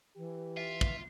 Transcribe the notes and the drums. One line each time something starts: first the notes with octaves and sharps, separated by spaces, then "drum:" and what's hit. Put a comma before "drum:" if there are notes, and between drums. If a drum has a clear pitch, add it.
E3 G4
F4 E5
drum: kick